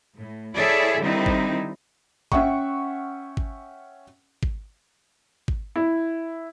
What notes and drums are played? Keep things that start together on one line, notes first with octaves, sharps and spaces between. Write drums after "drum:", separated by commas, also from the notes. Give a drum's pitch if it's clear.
A2
E4 G#4 A4 C#5 D5 E5
D3 D#3 G3 C4 D#4 E4
drum: kick G#1
C#4 E5 F#5 G5 C#6, drum: kick G#1
drum: kick G#1
drum: kick G#1
drum: kick G#1
E4